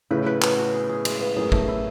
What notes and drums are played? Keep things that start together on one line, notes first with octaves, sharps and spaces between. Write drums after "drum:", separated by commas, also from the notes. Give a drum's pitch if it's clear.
A2 C#3 B4
B4
B3, drum: clap
F#4
G#4
G#4
G#3, drum: cymbal
B3
F#2 A2 G#4
A3, drum: kick
E4